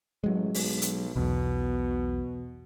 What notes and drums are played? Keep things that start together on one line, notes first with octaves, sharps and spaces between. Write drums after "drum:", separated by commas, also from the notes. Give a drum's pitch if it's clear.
A1 F#3 G#3
B1, drum: open hi-hat
drum: hi-hat
B1 E2 B2